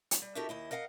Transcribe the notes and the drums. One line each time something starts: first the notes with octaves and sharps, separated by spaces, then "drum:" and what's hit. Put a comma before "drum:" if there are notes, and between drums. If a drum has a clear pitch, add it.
drum: hi-hat
G3
D#4 F#4 G4 A4 A#4 E5
D#2 E4 D#5
A#4 D#5 F5 F#5 A#5